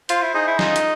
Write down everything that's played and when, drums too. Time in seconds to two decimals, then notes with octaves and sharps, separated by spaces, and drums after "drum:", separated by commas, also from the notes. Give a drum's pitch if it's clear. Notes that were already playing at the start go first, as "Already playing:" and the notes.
0.09 F4 C5, drum: hi-hat
0.22 E4
0.34 D#4 G#4
0.47 E4
0.59 D#4 F4, drum: snare
0.76 drum: hi-hat